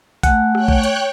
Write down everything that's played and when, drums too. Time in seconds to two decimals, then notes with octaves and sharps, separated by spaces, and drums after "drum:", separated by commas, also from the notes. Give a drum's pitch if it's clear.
0.23 A3 F#5 G#5, drum: kick A#1, hi-hat
0.55 C#5 G5 F#6, drum: rim click
0.68 drum: kick A#1
0.83 drum: hi-hat